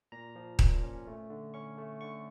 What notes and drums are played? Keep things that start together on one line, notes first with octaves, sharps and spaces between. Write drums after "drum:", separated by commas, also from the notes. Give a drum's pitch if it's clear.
A#2 A#5
F3
A#2, drum: kick D#1
C#4
A3
D3
C#4 C#6
A3
D3 C#6